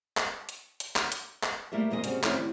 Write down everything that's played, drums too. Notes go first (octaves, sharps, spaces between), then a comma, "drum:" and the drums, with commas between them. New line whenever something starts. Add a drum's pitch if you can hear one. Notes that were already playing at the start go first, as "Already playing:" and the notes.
drum: clap
drum: hi-hat
drum: hi-hat
drum: clap
drum: hi-hat
drum: clap
G3 A3 A#3 E4 G4 E5
F2 B2 G#3 A#3 D#5
C#3 G3 C4 F#4, drum: hi-hat
D#3 F3 A3 C4 C#4 E4, drum: clap
G3